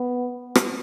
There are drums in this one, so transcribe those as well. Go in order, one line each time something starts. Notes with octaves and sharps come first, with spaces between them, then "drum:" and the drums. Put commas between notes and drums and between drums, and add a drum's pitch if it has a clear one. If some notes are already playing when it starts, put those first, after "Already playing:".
Already playing: B3
drum: rim click